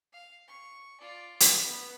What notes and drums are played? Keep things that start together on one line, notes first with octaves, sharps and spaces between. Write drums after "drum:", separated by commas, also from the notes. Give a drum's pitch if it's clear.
F5
C#6
F4 D5
drum: hi-hat
B3 B5